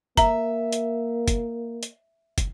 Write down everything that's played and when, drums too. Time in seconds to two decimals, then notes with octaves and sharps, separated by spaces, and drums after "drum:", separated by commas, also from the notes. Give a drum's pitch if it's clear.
0.17 A#3 E5 A#5, drum: kick, hi-hat
0.72 drum: hi-hat
1.28 drum: kick, hi-hat
1.83 drum: hi-hat
2.38 drum: kick, hi-hat